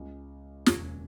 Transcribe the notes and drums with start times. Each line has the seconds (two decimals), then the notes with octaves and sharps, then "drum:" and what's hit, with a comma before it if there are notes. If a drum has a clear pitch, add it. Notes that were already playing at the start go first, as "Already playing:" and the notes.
Already playing: C#2 C#3 G#3
0.66 E1 D#2 C#3, drum: snare